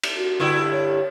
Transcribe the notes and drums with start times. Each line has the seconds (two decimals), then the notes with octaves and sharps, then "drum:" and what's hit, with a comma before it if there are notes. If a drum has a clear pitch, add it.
0.03 drum: cymbal
0.16 F#4
0.40 G2 D3 E4
0.72 C#5